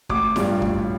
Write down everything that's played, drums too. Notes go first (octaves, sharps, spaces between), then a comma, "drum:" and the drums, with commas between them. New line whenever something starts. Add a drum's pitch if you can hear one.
A1 D6, drum: kick
G2 G3 F4, drum: snare E4
A1, drum: kick